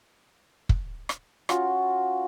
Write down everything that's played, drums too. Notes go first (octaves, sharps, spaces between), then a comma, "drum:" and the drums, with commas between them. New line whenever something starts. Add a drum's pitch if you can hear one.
drum: kick
drum: rim click
C#4 F4 F#4, drum: rim click